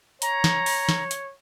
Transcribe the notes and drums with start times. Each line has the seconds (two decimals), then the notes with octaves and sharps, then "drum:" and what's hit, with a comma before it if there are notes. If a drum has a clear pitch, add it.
0.22 C#5 A#5, drum: hi-hat
0.44 drum: snare
0.66 drum: open hi-hat
0.89 drum: snare
1.11 drum: hi-hat